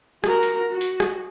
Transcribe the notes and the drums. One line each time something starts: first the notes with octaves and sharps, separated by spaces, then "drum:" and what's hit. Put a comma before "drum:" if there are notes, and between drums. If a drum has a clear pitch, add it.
F#4 A#4, drum: rim click
drum: hi-hat
F#4
drum: hi-hat
drum: rim click